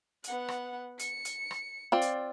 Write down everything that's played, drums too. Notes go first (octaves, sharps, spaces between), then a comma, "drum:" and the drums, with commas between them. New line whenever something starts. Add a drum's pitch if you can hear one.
B3 F#5, drum: hi-hat
drum: rim click
C#7, drum: hi-hat
drum: hi-hat
drum: rim click
C4 F4 D5
drum: hi-hat